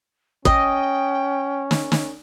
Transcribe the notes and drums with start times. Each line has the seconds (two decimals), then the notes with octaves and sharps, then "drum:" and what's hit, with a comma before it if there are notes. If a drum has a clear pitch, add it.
0.45 C#4 D#5 G5, drum: kick
1.71 drum: snare
1.92 drum: snare